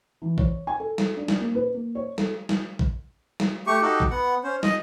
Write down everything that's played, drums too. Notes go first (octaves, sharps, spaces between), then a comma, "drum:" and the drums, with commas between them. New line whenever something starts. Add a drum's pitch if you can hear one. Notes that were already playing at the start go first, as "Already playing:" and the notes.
E3
C#5, drum: kick A#1
G#5
A4
drum: snare
D4
drum: snare
A#3
B4
A#3
C#5
A4, drum: snare
drum: snare
drum: kick A#1
drum: snare
A3 G4 C#6
D#4 F#4 G4 A4
drum: kick A#1
B3 F#5
C#4 C5
D#5, drum: snare